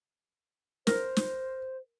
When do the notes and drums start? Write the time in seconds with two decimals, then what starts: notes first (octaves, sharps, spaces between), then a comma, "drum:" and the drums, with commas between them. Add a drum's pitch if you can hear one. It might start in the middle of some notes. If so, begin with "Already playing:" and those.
0.87 A#4 C5, drum: snare
1.17 drum: snare